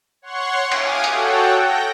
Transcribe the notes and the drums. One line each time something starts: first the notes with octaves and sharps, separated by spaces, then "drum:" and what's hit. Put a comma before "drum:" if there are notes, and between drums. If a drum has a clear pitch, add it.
C#5 F#5 C6 C#6
F5 G#5 D6 D#6, drum: cymbal
F#4 A4 C#5 F#5 G5, drum: hi-hat
G5 G6 A#6